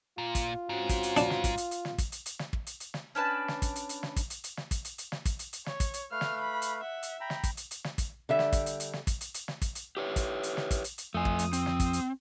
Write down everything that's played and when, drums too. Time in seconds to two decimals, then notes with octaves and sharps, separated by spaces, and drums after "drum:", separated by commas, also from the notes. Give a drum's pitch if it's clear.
0.18 A#2 F4
0.35 drum: kick, hi-hat
0.69 G#2 C4 C#4 F#4
0.89 drum: kick, hi-hat
1.03 drum: hi-hat
1.17 D4, drum: hi-hat
1.30 drum: snare
1.44 drum: kick, hi-hat
1.58 drum: hi-hat
1.71 drum: hi-hat
1.85 drum: snare
1.98 drum: kick, hi-hat
2.12 drum: hi-hat
2.26 drum: hi-hat
2.39 drum: snare
2.53 drum: kick
2.67 drum: hi-hat
2.80 drum: hi-hat
2.94 drum: snare
3.15 C#4 D4 B4 A5
3.48 drum: snare
3.62 drum: kick, hi-hat
3.76 drum: hi-hat
3.89 drum: hi-hat
4.03 drum: snare
4.16 drum: kick, hi-hat
4.30 drum: hi-hat
4.44 drum: hi-hat
4.57 drum: snare
4.71 drum: kick, hi-hat
4.85 drum: hi-hat
4.98 drum: hi-hat
5.12 drum: snare
5.25 drum: kick, hi-hat
5.39 drum: hi-hat
5.53 drum: hi-hat
5.66 C#5, drum: snare
5.80 drum: kick, hi-hat
5.94 drum: hi-hat
6.12 A3 B4 F5 F6
6.21 drum: snare
6.41 B5
6.62 drum: hi-hat
6.82 E5 F#5
7.03 drum: hi-hat
7.21 G5 A#5 B5
7.30 drum: snare
7.44 drum: kick, hi-hat
7.57 drum: hi-hat
7.71 drum: hi-hat
7.84 drum: snare
7.98 drum: kick, hi-hat
8.29 D3 G3 E5
8.39 drum: snare
8.53 drum: kick, hi-hat
8.66 drum: hi-hat
8.80 drum: hi-hat
8.93 drum: snare
9.07 drum: kick, hi-hat
9.21 drum: hi-hat
9.34 drum: hi-hat
9.48 drum: snare
9.62 drum: kick, hi-hat
9.75 drum: hi-hat
9.97 G4 B4 C#5
10.16 drum: kick, hi-hat
10.43 drum: hi-hat
10.57 drum: snare
10.71 drum: kick, hi-hat
10.84 drum: hi-hat
10.98 drum: hi-hat
11.14 F2 A3 G#5 D#6
11.25 drum: kick
11.39 drum: hi-hat
11.53 C4, drum: hi-hat
11.66 drum: snare
11.80 drum: kick, hi-hat
11.93 drum: hi-hat